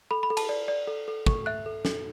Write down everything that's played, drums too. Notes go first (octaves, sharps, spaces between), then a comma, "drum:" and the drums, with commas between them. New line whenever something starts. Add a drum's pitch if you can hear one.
A4 B5
B5
A4
A5, drum: cymbal
D5
D5
A4
A4
A4 C#6, drum: kick
E5 F#6
A4
A4, drum: snare